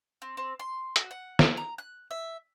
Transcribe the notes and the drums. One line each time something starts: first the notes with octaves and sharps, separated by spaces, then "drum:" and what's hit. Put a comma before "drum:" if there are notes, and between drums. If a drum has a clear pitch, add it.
C4
C4
C6
F#4, drum: hi-hat
F#5
drum: snare
A#5
F#6
E5